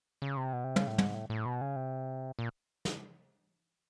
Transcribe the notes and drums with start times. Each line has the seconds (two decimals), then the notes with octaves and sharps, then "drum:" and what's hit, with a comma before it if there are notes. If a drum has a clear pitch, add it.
0.22 C#3
0.37 C3
0.53 B2
0.64 C3
0.76 C#3, drum: tom
0.87 A2
0.98 G#2, drum: tom
1.14 A2
1.30 A2
1.46 B2
1.61 C#3
1.76 C3
2.39 A#2
2.85 drum: snare